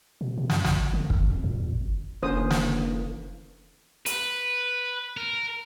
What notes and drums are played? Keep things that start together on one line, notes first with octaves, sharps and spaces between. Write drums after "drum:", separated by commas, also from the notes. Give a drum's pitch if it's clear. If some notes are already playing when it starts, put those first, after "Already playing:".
B2
C3
F#2, drum: snare
A1, drum: snare
G1
D3
G1, drum: kick
F2
A#2
E2
G1
F1 D3 E3 A#3 C#4 C5 D#6
drum: snare
B4, drum: hi-hat
A#4